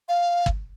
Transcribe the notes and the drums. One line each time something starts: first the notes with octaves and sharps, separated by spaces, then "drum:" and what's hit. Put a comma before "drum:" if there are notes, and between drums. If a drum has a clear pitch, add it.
F5
drum: kick